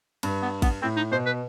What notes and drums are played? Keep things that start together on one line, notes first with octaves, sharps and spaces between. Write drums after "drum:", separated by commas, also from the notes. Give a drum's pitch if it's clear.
G2, drum: cymbal
B3
B3, drum: kick A1, cymbal
A2 C4
D#4
B2 C5
B4